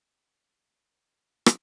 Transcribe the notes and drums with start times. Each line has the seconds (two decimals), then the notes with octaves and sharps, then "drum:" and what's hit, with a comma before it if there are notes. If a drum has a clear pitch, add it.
0.06 C#4
0.23 A#3
0.32 C4
0.40 C#4
0.50 D#4
0.58 F4
0.67 F#4
0.76 F4
0.85 D#4
0.94 C4
1.03 C#4
1.11 D#4
1.46 drum: rim click